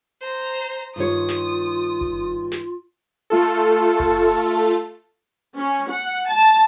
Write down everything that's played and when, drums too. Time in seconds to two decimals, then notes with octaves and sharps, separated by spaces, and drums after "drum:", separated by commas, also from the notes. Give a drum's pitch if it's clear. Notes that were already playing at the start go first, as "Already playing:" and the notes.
0.22 C5 A#5
0.96 G2 D#3 F4 C#5 D#6, drum: hi-hat
1.29 drum: snare
2.01 drum: kick F#1
2.52 drum: snare
3.30 A3 F4 A4
4.00 drum: kick F#1
5.56 C#4
5.90 F#5
6.27 A5